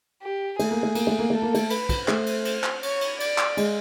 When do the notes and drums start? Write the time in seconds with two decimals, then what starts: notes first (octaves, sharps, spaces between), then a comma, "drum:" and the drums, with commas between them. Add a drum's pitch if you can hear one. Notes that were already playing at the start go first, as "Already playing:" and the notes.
0.22 G4
0.59 A3 G#4, drum: cymbal
0.71 A#3
0.83 A3
0.95 A#3, drum: cymbal
1.07 A3
1.19 A#3
1.30 A3 A4
1.42 A#3
1.54 A3, drum: cymbal
1.70 B4, drum: cymbal
1.89 drum: kick, cymbal
2.08 A3 C5, drum: clap
2.26 drum: cymbal
2.45 drum: cymbal
2.64 drum: clap
2.83 C#5, drum: cymbal
3.01 drum: cymbal
3.20 D5, drum: cymbal
3.38 drum: clap
3.57 G#3, drum: cymbal